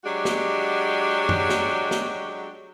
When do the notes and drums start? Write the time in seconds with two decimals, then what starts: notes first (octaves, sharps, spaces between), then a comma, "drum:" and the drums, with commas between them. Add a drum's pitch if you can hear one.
0.05 F#3 G#3 D4 F#4 G4
0.25 drum: snare
1.29 drum: tom F#2
1.50 drum: snare
1.91 drum: snare